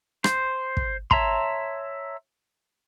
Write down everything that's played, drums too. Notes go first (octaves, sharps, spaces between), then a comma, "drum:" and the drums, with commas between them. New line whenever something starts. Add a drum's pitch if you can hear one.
C5, drum: rim click
drum: kick
C#5 E5 A5 A#5 C6, drum: kick